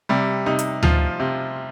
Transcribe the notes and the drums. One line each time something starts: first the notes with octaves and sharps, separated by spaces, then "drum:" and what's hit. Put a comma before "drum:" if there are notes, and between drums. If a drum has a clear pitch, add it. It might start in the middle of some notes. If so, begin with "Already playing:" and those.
C3 G3
C3 D#4
drum: hi-hat
F3 F4, drum: tom D2
C3